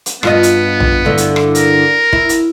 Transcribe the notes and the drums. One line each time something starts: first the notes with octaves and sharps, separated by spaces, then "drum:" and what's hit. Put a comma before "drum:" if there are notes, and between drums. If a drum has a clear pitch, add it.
drum: hi-hat
G2 B3 F4 D#5, drum: rim click
drum: hi-hat
drum: tom A#1
G2 D3 E4
drum: hi-hat
drum: rim click
A#4, drum: hi-hat
E4, drum: kick
drum: hi-hat